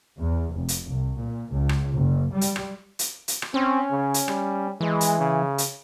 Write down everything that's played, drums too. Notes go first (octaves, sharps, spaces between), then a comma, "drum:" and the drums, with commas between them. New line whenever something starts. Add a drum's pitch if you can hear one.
E2
F1
drum: hi-hat
C2
A#2
C#2
drum: rim click
F#1
G3
drum: hi-hat
drum: rim click
drum: hi-hat
drum: hi-hat
drum: rim click
C4 C#4
C#3
drum: hi-hat
G3, drum: rim click
E3 G#3
drum: hi-hat
C#3
drum: hi-hat